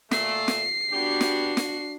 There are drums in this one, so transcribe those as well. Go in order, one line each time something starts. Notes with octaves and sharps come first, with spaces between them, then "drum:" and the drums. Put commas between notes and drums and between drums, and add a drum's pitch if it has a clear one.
A#2 A3 C7, drum: snare
drum: snare
B3 D4 F#4 G4
drum: snare
drum: snare